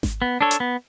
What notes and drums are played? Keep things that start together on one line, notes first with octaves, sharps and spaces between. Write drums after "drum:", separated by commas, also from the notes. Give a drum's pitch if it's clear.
drum: snare G#1
B3
D4 A4 C#5
drum: hi-hat
B3